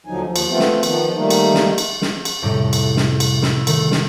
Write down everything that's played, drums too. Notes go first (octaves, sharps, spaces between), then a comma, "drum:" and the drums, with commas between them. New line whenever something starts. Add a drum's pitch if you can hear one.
D#2 D3 F3 F#3 D#4 G#5
D#2 F3
drum: cymbal
A3 B3 C4 F4
drum: snare
D#3 F3 B3, drum: cymbal
D#3 G3 A3 A#3 D#4
drum: cymbal
drum: snare
drum: cymbal
drum: snare
drum: cymbal
F2 A2 C3 G3 A3
drum: cymbal
drum: snare
drum: cymbal
B5 E6, drum: snare
D#3 A3, drum: cymbal
drum: snare